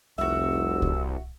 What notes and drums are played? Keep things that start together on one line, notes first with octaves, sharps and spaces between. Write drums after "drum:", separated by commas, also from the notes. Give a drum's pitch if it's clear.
F1 C2 F#4 E5 E6
drum: kick C2